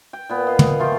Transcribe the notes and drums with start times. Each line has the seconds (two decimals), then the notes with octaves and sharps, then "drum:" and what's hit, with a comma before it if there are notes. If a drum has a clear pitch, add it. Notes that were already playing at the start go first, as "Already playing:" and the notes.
0.13 G5
0.29 A#2 B3
0.47 D#5 F5
0.59 drum: tom
0.79 A3 F4 G4